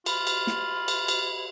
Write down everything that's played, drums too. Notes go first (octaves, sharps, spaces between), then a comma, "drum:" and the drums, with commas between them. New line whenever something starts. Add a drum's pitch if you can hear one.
F4 B5, drum: cymbal
drum: cymbal
drum: snare
drum: cymbal
drum: cymbal